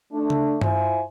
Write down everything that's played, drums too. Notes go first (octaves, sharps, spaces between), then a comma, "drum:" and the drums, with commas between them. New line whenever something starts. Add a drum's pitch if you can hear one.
A3 D4
drum: tom C#3
E4 F4 C5 E5 G#5, drum: tom G2